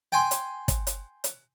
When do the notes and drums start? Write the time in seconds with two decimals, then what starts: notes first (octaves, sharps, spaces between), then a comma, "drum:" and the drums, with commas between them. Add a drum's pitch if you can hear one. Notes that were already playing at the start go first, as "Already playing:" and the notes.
0.12 G5 G#5 C6
0.31 drum: hi-hat
0.68 drum: kick, hi-hat
0.87 drum: hi-hat
1.24 drum: hi-hat